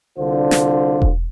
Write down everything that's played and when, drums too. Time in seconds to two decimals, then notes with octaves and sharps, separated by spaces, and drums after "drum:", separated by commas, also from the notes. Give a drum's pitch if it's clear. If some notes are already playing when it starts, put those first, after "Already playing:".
0.18 C2 D3 D4 F4 C5
0.51 drum: snare
1.02 drum: kick E1